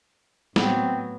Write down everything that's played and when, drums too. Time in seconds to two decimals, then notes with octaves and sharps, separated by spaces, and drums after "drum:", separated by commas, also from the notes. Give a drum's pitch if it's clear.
0.56 A2 F#3 B3 C4, drum: snare